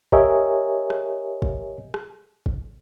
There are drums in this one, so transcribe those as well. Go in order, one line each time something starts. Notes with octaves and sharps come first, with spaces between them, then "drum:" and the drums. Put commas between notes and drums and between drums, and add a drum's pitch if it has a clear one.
G4 A#4 C#5 D#5 E5 G#5, drum: kick
drum: rim click
drum: kick
drum: rim click
drum: kick